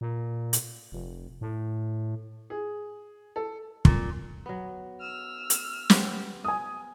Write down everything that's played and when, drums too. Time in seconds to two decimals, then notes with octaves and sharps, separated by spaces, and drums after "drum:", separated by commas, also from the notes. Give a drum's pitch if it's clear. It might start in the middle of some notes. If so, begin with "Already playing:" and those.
0.01 A#2
0.53 drum: hi-hat
0.92 F1
1.41 A2
2.50 G#4
3.36 A4
3.85 A#2, drum: kick
4.46 F#3 B3
5.01 E6 F6
5.50 drum: hi-hat
5.90 B3 G4 C5, drum: snare
6.45 G#5 D#6